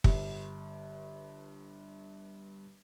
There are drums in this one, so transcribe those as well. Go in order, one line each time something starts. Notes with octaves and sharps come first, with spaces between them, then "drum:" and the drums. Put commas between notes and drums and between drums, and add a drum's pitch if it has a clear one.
G1 G2, drum: kick